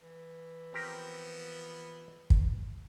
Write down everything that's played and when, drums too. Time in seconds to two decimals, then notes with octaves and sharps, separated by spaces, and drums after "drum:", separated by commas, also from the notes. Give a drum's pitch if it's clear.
0.01 E3
0.73 F3 B3 C4 G4 A#4
2.30 drum: kick